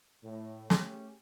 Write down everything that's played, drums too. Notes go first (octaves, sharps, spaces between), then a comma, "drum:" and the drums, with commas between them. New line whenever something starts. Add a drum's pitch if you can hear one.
A2
A3 C#4 G4 G#4, drum: snare